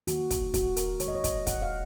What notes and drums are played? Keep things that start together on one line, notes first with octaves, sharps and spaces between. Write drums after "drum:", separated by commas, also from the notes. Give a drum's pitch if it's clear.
D#3 F#3 A#3 F#4, drum: hi-hat
drum: kick, hi-hat
F#4, drum: kick, hi-hat
A#4, drum: hi-hat
D#3 G#3 C#5, drum: hi-hat
D#5
C#5
D#5, drum: kick, hi-hat
F#5, drum: kick, hi-hat
F5